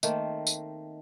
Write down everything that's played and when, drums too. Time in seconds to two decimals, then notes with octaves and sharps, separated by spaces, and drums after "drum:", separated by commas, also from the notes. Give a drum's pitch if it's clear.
0.03 D#3 A3 A#3 C4, drum: tambourine
0.47 drum: tambourine